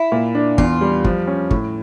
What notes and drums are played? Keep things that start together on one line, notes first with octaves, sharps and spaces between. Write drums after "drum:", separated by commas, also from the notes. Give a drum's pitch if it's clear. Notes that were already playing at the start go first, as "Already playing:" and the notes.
Already playing: E4
A#2
D4
E2 F4, drum: kick
G3
F3, drum: kick
C#4
A2, drum: kick